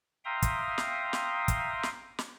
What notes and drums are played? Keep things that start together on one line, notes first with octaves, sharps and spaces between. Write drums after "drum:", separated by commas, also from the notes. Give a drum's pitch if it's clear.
E5 F5 G5 A#5 C6 D#6
drum: kick, hi-hat
drum: snare
drum: snare
drum: kick, hi-hat
drum: snare
drum: snare